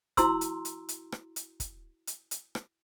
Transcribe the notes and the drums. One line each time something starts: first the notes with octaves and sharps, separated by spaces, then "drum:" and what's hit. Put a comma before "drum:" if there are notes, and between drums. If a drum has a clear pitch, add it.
E4 F#4 A#5 C6 E6, drum: kick, hi-hat
drum: hi-hat
drum: hi-hat
drum: hi-hat
drum: rim click
drum: hi-hat
drum: kick, hi-hat
drum: hi-hat
drum: hi-hat
drum: rim click